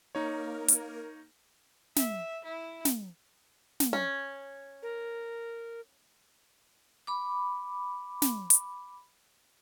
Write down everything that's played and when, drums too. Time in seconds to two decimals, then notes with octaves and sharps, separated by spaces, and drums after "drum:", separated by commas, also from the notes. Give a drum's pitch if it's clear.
0.15 A#3 D#4 A#4 C#5
0.68 drum: hi-hat
1.96 E5, drum: snare
2.44 E4
2.85 drum: snare
3.80 drum: snare
3.93 C#4
4.83 A#4
7.07 B5 D6
8.22 drum: snare
8.50 drum: hi-hat